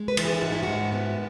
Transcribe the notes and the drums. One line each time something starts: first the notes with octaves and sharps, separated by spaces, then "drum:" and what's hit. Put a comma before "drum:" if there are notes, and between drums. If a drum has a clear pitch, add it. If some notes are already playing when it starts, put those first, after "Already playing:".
Already playing: G#3
B4
E3, drum: cymbal
G#4
G#2 F#4
E4
G#2 F#4
B3 E4